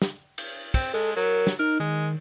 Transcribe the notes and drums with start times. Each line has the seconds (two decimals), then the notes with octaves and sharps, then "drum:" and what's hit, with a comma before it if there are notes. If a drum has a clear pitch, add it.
0.02 drum: snare
0.38 drum: cymbal
0.74 C4, drum: kick, cymbal
0.94 G#3 A4
1.16 F#3 A#4
1.47 drum: snare
1.59 D#4 A#4
1.80 D#3 G#3